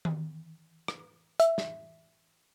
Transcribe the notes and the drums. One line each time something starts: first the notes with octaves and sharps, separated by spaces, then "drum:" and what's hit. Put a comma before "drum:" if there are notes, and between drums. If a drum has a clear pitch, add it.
drum: tom D#3
drum: rim click
E5, drum: hi-hat
drum: snare